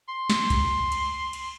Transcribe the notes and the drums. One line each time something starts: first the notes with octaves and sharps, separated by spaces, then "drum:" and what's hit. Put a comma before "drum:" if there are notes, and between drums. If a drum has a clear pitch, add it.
C6
drum: snare
drum: kick C2, cymbal
drum: cymbal
drum: cymbal